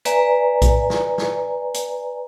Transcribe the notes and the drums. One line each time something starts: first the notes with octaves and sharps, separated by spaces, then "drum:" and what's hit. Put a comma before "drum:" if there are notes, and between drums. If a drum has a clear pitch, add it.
B4 D5 E5 G#5 A#5, drum: hi-hat
drum: kick A#1, hi-hat
drum: snare
drum: snare
drum: hi-hat